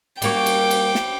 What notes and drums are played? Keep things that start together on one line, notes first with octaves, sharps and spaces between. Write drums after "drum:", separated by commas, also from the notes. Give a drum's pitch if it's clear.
G3 A#3 F#4 G5 D6, drum: cymbal
drum: cymbal
drum: cymbal
drum: snare